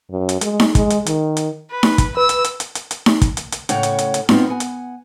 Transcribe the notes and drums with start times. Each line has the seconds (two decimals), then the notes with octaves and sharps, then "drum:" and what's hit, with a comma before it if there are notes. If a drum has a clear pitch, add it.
0.10 F#2
0.29 drum: hi-hat
0.41 G#3, drum: hi-hat
0.60 drum: snare D#4
0.75 G#3, drum: kick, hi-hat
0.90 drum: hi-hat
1.06 D#3, drum: hi-hat
1.37 drum: hi-hat
1.71 B4
1.83 drum: snare D#4
1.98 drum: kick, hi-hat
2.17 B4 E6
2.29 drum: hi-hat
2.44 drum: hi-hat
2.60 drum: hi-hat
2.75 drum: hi-hat
2.91 drum: hi-hat
3.06 drum: snare D#4
3.22 drum: kick, hi-hat
3.37 drum: hi-hat
3.52 drum: hi-hat
3.69 A2 C#3 C#5 F#5 G5, drum: hi-hat
3.83 drum: hi-hat
3.99 drum: hi-hat
4.14 drum: hi-hat
4.29 B3 C4 D#4 F4, drum: snare D#4
4.50 F#5 G#5
4.60 drum: hi-hat